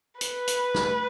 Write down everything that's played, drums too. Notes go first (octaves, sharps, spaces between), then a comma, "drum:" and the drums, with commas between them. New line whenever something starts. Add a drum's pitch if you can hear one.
B4, drum: hi-hat
drum: hi-hat
drum: snare